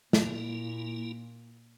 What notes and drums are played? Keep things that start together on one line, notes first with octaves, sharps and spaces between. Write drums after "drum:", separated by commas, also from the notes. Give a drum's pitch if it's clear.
A#2 A#3 E4, drum: snare